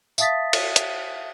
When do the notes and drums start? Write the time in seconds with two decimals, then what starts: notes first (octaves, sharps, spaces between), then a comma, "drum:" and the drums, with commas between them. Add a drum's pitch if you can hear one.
0.18 E5 F5 A5 D#6 A6 B6, drum: tambourine
0.53 drum: cymbal
0.76 drum: hi-hat